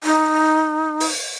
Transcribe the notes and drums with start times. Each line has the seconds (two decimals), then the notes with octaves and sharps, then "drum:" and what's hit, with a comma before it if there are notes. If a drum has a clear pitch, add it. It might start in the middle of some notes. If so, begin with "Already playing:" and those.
0.04 D#4
1.00 drum: open hi-hat